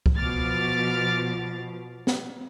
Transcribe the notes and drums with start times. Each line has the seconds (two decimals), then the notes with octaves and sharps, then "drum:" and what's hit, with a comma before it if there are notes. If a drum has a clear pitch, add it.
0.06 drum: kick C2
0.16 B2 F3 D6 F6 A6
2.07 drum: snare